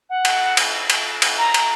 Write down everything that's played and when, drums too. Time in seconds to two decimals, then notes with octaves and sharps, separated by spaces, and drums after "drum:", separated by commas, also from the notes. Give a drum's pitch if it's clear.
0.09 F#5
0.25 drum: cymbal
0.57 drum: cymbal
0.90 drum: cymbal
1.22 drum: cymbal
1.38 A#5
1.54 drum: cymbal